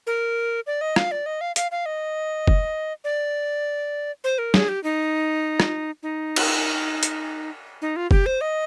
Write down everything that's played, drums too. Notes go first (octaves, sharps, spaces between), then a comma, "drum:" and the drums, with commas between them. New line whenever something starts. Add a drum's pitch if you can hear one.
A#4
D5
D#5
F5, drum: rim click
D5
D#5
F5
F5, drum: hi-hat
F5
D#5
drum: kick
D5
C5
A#4
G#4, drum: snare
G4
D#4
drum: rim click
D#4
drum: cymbal
drum: hi-hat
D#4
F4
G4, drum: kick
C5
D#5